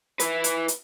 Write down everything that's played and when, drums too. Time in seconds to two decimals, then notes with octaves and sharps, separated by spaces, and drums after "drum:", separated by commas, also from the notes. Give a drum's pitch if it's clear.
0.20 E4 B4, drum: hi-hat
0.44 drum: hi-hat
0.68 drum: hi-hat